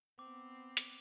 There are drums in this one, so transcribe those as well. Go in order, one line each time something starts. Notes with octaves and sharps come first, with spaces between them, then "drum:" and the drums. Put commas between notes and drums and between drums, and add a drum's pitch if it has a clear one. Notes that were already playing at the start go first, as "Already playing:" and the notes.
B3 C4 D6
drum: hi-hat